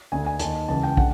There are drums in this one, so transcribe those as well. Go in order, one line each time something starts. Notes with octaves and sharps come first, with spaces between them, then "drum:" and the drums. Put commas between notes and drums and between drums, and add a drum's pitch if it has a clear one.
D2 D3 G#5
G#5
D#2 A5, drum: hi-hat
D#3
C#2 C#3 E3 A5
G5
D3 F#5, drum: kick